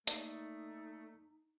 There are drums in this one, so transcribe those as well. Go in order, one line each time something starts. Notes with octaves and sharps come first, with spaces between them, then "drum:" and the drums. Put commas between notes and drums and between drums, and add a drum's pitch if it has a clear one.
A3 A#3 D#4 D5 D#5, drum: hi-hat